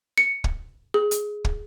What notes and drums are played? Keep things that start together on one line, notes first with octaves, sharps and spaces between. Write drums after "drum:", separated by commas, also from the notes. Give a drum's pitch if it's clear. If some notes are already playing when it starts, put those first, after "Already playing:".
C#7
drum: kick
G#4
drum: hi-hat
drum: kick